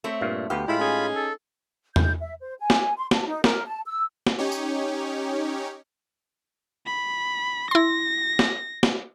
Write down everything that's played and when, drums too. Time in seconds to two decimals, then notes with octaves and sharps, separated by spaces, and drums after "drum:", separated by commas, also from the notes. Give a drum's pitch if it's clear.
0.04 A3 C4 C#5
0.21 G2 A#2 F5
0.50 D2 B3 G4 F5
0.68 A2 G#3 E4 F4 B5
0.80 C#4 D#4 G#4
1.15 A4
1.96 G6, drum: tom E2
2.21 E5
2.41 C5
2.60 G#5
2.70 drum: snare
2.97 C6
3.11 A5, drum: snare
3.27 D#4
3.44 A#4, drum: snare
3.67 A5
3.86 E6
4.27 drum: snare
4.38 C#4 D#4 G4 C#5
4.52 drum: tambourine
6.87 B5
7.71 E4 C6 A#6
8.39 drum: snare
8.83 drum: snare